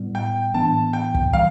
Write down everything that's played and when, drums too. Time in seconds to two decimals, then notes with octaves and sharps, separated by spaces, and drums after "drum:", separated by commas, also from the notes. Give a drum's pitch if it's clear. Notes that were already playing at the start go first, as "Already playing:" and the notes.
Already playing: A2 G3 B3
0.15 G5
0.54 A2 E3 B3 D4 A5
0.93 G5
1.14 drum: kick
1.33 E3 G3 F5